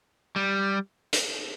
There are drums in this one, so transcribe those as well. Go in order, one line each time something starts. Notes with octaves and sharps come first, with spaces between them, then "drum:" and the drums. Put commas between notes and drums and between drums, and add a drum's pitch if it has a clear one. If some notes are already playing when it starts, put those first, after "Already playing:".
G3
drum: hi-hat